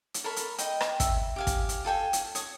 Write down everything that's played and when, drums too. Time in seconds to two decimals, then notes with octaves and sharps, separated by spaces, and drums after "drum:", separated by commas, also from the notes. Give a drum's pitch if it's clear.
0.14 drum: hi-hat
0.24 A4 A#4 C#5 B5
0.36 drum: hi-hat
0.58 D#5 G5, drum: hi-hat
0.81 drum: rim click
1.00 E5, drum: kick, hi-hat
1.36 G4 F5 G#5
1.47 drum: kick, hi-hat
1.69 drum: hi-hat
1.85 F4 A4 G5 G#5
2.13 drum: hi-hat
2.35 C#5 D#6, drum: hi-hat